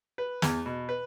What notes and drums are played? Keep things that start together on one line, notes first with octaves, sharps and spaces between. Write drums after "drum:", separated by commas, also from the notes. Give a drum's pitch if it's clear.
B4
E2, drum: snare
B2
B4